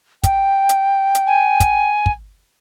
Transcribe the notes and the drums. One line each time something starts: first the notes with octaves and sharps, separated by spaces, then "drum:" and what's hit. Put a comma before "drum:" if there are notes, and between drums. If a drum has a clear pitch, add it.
G5, drum: kick, hi-hat
drum: hi-hat
drum: hi-hat
G#5
drum: kick, hi-hat
drum: kick